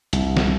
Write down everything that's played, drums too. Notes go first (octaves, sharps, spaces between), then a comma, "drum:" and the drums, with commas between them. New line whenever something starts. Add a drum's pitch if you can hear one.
C2, drum: hi-hat
drum: snare